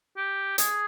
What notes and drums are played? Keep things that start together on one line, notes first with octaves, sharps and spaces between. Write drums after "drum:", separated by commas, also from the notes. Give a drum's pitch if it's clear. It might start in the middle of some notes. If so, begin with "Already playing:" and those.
G4
G#4, drum: hi-hat